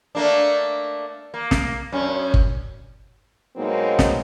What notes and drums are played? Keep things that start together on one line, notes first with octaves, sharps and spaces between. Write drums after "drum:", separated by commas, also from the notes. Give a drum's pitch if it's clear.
A3 A#3 D4
A#3
drum: snare
F#2 C#4
drum: kick G1
B2 F#3 G#3 A#3 C4 D#4
drum: snare